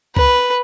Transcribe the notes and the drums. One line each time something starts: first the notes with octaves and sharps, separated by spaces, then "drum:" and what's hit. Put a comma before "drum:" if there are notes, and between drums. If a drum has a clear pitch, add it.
B4, drum: kick